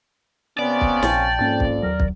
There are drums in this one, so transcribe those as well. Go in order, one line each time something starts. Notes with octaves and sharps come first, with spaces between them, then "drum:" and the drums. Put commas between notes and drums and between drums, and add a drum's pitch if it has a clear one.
C3 A#3 B3 C#4 D5
drum: kick
A#1 G5 A5, drum: snare
F2 G#2 A#3 C#4
drum: kick
D#2 F#3 A#4
drum: kick